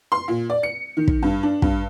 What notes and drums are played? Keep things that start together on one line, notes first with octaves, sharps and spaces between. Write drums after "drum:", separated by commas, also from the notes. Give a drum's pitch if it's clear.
C6
A#2
D5
C#7
D#3
drum: kick
G2
D4
G2, drum: kick